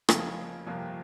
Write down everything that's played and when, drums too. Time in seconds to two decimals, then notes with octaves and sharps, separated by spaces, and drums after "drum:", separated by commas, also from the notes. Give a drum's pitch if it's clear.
0.09 F1 F2 C#3 F3 A#3 G#5, drum: rim click
0.67 G1 F2 C3 F3 A#3